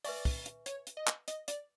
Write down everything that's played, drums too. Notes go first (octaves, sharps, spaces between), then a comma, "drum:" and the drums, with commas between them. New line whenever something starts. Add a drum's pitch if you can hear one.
B4 D5 E5 G#5 C#6, drum: open hi-hat
drum: kick, open hi-hat
drum: hi-hat
C#5, drum: hi-hat
drum: hi-hat
D#5
drum: clap
D#5, drum: hi-hat
D5, drum: hi-hat